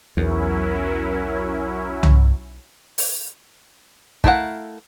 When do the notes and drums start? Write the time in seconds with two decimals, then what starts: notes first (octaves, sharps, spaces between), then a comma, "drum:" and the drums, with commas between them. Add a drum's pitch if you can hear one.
0.17 B1 E2 F#3 C#4 E4 A#4
2.03 drum: tom C2
2.98 drum: open hi-hat
4.24 A3 E4 A#4 F5 F#5, drum: kick